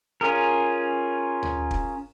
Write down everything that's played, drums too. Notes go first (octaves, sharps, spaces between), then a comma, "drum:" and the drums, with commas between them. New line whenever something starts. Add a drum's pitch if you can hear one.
C#4 F4 G#4 A#4
drum: tom
drum: kick